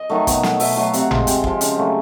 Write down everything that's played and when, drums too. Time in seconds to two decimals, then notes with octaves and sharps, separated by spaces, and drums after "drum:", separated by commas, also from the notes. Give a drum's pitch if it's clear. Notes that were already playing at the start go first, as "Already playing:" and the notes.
Already playing: D#5
0.09 D#3 F#3 A3
0.27 B2, drum: kick, hi-hat
0.43 F#3 A3, drum: snare
0.60 B2 E5, drum: open hi-hat
0.77 F#3 A3 F5
0.93 C3 F#5, drum: hi-hat
1.11 F3 G#3, drum: tom G#1
1.27 C3 G5, drum: hi-hat
1.44 F3 G#3, drum: kick
1.61 C#3, drum: hi-hat
1.77 F#3 A3